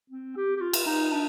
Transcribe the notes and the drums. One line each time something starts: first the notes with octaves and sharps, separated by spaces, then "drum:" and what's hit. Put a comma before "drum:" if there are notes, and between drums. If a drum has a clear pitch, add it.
C4
G4
G4
F4
drum: cymbal
D#4
D4